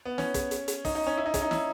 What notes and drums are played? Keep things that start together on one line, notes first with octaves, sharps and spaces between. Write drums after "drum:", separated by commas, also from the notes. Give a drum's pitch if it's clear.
B3
C#4, drum: snare
drum: kick, hi-hat
drum: hi-hat
drum: hi-hat
D#4, drum: kick, open hi-hat
D#4
C#4
E4
D#4
C#4, drum: kick, hi-hat
D#4
E4, drum: snare